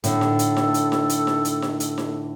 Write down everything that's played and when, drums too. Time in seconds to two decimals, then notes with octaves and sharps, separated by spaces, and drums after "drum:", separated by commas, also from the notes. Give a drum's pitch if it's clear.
0.04 A2 D3 A4, drum: hi-hat
0.21 drum: snare D#4
0.39 drum: hi-hat
0.57 drum: snare D#4
0.74 drum: hi-hat
0.92 drum: snare D#4
1.09 drum: hi-hat
1.27 drum: snare D#4
1.45 drum: hi-hat
1.62 drum: snare D#4
1.80 drum: hi-hat
1.98 drum: snare D#4